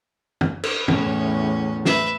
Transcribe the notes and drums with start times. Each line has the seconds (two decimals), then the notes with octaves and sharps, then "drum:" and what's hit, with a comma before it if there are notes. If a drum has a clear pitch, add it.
0.41 drum: tom
0.63 drum: cymbal
0.88 E2 A2 C#4, drum: tom
1.85 B4 E5, drum: snare